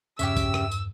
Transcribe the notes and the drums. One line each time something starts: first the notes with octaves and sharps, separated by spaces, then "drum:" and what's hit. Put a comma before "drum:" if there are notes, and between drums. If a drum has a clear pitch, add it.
E2 G2 C#3 C#4 G4 E5 E6, drum: tambourine
drum: kick B1, tambourine
drum: rim click
drum: tambourine